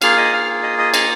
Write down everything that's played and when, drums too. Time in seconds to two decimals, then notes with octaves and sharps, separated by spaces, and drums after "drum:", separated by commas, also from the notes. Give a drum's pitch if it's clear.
0.02 A#3 F4 G#4 F5 F6, drum: cymbal
0.17 D#5 D#6
0.33 F5 F6
0.63 D#5 D#6
0.78 D#5 D#6
0.94 D#5 D#6, drum: cymbal